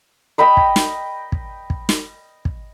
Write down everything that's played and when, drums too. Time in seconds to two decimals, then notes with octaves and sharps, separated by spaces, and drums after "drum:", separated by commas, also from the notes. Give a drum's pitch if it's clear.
0.38 D#5 G5 B5 D#6
0.57 drum: kick
0.76 drum: snare
1.32 drum: kick
1.70 drum: kick
1.89 drum: snare
2.45 drum: kick